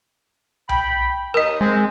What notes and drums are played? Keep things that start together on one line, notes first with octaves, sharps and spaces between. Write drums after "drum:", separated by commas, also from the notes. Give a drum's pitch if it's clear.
G5 B5, drum: tom B1
D#2 D#4 A#4 D#5 D#6
G#3 C4